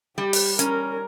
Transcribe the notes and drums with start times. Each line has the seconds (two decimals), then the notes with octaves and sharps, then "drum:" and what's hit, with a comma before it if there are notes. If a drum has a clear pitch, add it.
0.18 G3 G4
0.33 drum: open hi-hat
0.59 C#4 A#4, drum: hi-hat